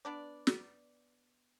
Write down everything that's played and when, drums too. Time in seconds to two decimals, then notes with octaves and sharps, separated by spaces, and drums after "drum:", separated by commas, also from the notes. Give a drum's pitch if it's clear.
0.05 B3 D4 D5
0.47 drum: snare